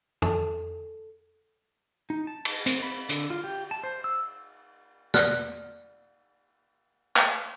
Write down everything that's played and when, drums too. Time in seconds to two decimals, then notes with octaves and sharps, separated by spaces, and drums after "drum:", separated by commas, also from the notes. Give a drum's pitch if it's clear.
0.22 A4 A5, drum: tom F2
2.10 D#4
2.27 A5
2.45 drum: cymbal
2.66 C4, drum: hi-hat
2.82 B5
3.09 D3, drum: hi-hat
3.30 F4
3.44 G4
3.71 A5
3.83 C5
4.04 E6
5.14 D5 F6 F#6, drum: snare
7.16 drum: clap